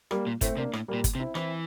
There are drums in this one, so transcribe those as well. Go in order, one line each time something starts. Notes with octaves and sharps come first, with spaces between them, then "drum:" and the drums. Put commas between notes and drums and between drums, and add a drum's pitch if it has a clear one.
G3 A#3, drum: rim click
A#2
A2 A3 C4, drum: kick G1, hi-hat
C3 A#3 D4
A2, drum: rim click
A#2 G3 A#3
drum: kick G1, hi-hat
C3
C4 E4
E3 C4 E4, drum: rim click